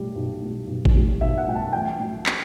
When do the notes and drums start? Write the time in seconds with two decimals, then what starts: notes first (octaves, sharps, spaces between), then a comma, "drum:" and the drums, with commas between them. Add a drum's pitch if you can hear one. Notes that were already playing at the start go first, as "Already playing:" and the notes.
Already playing: B1 A2 G3
0.15 B1
0.42 A2 G3
0.67 B1
0.85 drum: kick G#1
0.95 A2 G3
1.21 B1 E5
1.38 F#5
1.47 A2 G3 G5
1.55 A5
1.73 A1 G5
1.99 A2 F#3
2.26 drum: clap